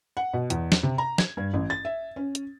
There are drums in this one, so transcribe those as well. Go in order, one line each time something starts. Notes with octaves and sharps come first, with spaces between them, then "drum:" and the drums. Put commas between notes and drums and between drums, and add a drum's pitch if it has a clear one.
F#5
B2
E2, drum: hi-hat
drum: snare
C3
A#5
G#6, drum: snare
G2
A1
A6
E5
C#4
drum: hi-hat